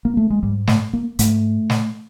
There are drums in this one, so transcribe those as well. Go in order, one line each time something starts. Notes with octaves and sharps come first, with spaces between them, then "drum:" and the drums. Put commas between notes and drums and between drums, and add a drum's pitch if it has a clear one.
A#3
A3
G#3
G#2 G3
A3, drum: snare
A#3
G#2 A3, drum: hi-hat
drum: snare